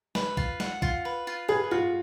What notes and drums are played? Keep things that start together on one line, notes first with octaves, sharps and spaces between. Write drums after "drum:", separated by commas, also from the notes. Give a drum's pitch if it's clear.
B4, drum: snare
F4, drum: kick A#1
F#5, drum: snare
F4, drum: kick A#1
B4
F4
G#4 B4
F4 F#4